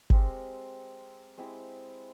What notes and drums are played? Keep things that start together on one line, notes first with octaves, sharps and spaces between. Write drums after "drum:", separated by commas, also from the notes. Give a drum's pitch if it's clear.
G#3 C4 G4 A#4, drum: kick G1
G#3 C4 E4 G4